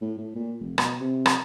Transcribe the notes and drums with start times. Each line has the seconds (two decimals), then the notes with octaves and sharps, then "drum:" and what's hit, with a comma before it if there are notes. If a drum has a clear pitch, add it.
0.01 A2
0.18 A2
0.35 A#2
0.60 F1
0.78 B2, drum: rim click
1.00 C3
1.26 drum: rim click